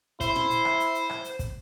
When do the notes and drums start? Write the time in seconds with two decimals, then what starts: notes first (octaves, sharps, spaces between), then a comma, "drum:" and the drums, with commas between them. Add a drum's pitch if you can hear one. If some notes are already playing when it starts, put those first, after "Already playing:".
0.21 E4 C5, drum: kick, hi-hat
0.35 drum: tom
0.50 drum: hi-hat
0.65 drum: rim click
0.80 drum: hi-hat
0.95 drum: hi-hat
1.10 drum: rim click
1.24 drum: hi-hat
1.39 drum: kick, hi-hat